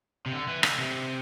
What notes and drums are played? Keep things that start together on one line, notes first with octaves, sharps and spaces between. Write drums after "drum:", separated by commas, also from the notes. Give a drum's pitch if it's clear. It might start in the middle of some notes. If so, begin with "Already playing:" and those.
C3
D3
E3
D3, drum: rim click
C3